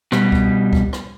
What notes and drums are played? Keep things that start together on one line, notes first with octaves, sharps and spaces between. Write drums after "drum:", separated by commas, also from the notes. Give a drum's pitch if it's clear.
B2 G3, drum: rim click
drum: kick C#2
drum: kick C#2
drum: rim click